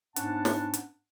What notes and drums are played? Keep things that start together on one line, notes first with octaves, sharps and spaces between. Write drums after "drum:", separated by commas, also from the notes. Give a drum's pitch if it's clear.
G#2 B3 C#4 D4 F#5 A5, drum: hi-hat
drum: snare
drum: hi-hat